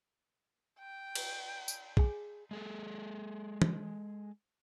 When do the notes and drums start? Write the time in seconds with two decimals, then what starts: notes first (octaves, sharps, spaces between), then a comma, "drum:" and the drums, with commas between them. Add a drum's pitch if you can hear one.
0.80 G5
1.15 drum: cymbal
1.68 drum: tambourine
1.97 G#4 G#5, drum: kick
2.51 G#3 G#4 A4
3.62 drum: tom